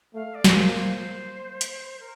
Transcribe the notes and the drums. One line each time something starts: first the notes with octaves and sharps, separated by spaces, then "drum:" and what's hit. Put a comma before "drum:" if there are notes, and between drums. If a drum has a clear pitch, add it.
A3 F5
D5
A#3, drum: snare
C5
C5
drum: hi-hat
A#4